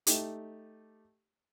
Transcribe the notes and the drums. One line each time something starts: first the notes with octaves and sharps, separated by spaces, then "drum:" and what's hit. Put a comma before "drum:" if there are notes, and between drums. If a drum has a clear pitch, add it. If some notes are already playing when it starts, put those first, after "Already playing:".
A3 D#4 G4, drum: hi-hat